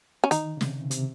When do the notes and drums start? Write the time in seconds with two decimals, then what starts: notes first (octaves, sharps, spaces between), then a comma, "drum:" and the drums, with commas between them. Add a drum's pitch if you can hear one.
0.24 C#4
0.31 D#3 D#4, drum: hi-hat
0.57 C#3
0.61 C3, drum: snare
0.91 C3, drum: hi-hat